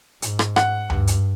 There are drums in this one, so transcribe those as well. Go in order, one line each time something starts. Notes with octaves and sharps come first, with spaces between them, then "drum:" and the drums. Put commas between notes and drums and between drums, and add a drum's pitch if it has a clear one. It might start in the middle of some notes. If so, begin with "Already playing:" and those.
G#2, drum: hi-hat
drum: rim click
F#5, drum: rim click
G2, drum: tom D2
drum: hi-hat